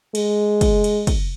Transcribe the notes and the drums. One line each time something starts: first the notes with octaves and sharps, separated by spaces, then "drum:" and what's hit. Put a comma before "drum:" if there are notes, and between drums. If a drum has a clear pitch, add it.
G#3, drum: cymbal
drum: kick, cymbal
drum: cymbal
drum: kick, cymbal